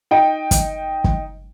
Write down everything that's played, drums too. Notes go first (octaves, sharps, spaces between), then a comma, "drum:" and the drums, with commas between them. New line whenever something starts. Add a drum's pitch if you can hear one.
D#4 G5
drum: kick, hi-hat
drum: kick